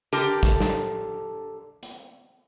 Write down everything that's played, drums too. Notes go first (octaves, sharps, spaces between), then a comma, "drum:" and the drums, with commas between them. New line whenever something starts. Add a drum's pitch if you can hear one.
D3 G4 A4 A#4, drum: hi-hat
drum: kick
drum: snare
drum: hi-hat